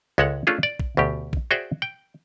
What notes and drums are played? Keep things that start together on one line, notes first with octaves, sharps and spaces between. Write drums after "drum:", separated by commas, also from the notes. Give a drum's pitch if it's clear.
C#2 G#3 A4 C#5 F#5
A3 C#4 D4 F4 G#4 A4
D5
drum: kick A#1
D2 B2 G4
drum: kick A#1
F#4 G#4 C5 D5 E5 G5
G5